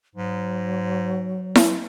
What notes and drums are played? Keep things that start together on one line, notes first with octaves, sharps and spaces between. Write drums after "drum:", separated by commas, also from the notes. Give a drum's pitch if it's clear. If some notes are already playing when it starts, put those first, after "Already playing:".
G#2 F#3
drum: snare E4